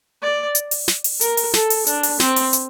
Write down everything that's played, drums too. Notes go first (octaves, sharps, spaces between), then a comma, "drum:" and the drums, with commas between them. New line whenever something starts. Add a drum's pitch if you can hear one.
D5
drum: hi-hat
drum: open hi-hat
drum: snare
drum: open hi-hat
A#4, drum: hi-hat
drum: open hi-hat
A4, drum: snare
drum: open hi-hat
D4, drum: hi-hat
drum: open hi-hat
C4, drum: snare
drum: open hi-hat
drum: hi-hat